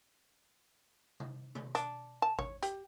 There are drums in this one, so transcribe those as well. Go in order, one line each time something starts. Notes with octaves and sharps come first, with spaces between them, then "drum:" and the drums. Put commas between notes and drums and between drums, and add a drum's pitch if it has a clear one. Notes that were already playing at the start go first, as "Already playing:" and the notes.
drum: tom C3
drum: tom B2
D4, drum: hi-hat
A5
C#5, drum: kick G#1
G4, drum: hi-hat